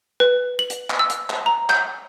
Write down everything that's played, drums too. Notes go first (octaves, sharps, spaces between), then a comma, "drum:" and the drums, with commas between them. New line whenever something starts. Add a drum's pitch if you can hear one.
B4
F#7
drum: hi-hat
drum: clap
E6
drum: hi-hat
drum: clap
A#5
G6, drum: clap